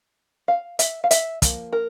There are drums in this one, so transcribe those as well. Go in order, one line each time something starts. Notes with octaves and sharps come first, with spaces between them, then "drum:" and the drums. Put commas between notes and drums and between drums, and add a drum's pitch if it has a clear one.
F5
E5, drum: hi-hat
F5
E5, drum: hi-hat
F3 A#3, drum: kick, hi-hat
A#4